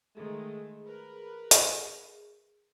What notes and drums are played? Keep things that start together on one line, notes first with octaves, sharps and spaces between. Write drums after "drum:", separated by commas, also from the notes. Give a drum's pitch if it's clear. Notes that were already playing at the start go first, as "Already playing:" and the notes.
D#3 G#3 A3 G#4
A#4 B4
drum: hi-hat